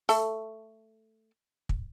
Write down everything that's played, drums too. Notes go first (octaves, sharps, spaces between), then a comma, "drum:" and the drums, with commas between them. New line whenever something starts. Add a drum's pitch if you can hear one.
A3 A4, drum: open hi-hat
drum: kick